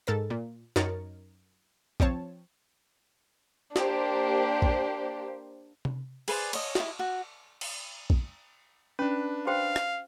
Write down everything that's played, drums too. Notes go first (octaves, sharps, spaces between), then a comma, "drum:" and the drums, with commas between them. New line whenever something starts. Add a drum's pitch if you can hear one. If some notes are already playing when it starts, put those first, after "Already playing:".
G#2 A4 A#4 A6
A#2
F#2 D#4 A#4 C#5 A6 C#7, drum: snare
F3 C4 C#5 A5, drum: kick A#1
A#3 D4 G4 C5, drum: snare
drum: kick A#1
drum: tom C3
G#4 B4 C5 D5, drum: cymbal
C#5 D#5, drum: cymbal
E4 D#5, drum: snare
F#4
drum: cymbal
drum: kick A#1
C#4 D4 B4
F#4 C5 F5 G5
drum: rim click